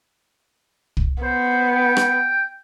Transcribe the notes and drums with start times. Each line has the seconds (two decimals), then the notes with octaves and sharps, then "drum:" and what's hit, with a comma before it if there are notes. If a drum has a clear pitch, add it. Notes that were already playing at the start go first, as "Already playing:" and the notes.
0.97 drum: kick
1.23 B3 C5
1.72 G5
1.97 drum: rim click